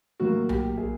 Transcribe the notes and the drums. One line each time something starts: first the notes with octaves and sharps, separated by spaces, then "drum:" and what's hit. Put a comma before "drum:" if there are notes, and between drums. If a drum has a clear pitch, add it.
A2 F#3 A#3 F#4
G4, drum: tom B1
G#4